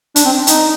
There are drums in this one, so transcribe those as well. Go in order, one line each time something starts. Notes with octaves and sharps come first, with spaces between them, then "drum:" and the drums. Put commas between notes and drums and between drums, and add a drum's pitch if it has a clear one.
D4, drum: hi-hat
C4
D#4, drum: hi-hat